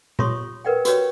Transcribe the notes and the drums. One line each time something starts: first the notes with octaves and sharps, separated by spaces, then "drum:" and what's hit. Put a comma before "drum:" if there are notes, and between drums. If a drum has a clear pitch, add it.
F4 G4 C#5 C6 C#6 D#6, drum: tom A#2
A#4 B4 D5 F#5 G5
F#4 G4 B4 C#5 D5 G5, drum: hi-hat